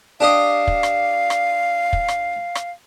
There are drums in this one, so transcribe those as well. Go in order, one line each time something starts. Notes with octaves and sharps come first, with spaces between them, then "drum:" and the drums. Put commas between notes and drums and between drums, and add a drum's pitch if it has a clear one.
D4 G4 D#5 F5
drum: kick
drum: rim click
drum: rim click
drum: kick
drum: rim click
drum: rim click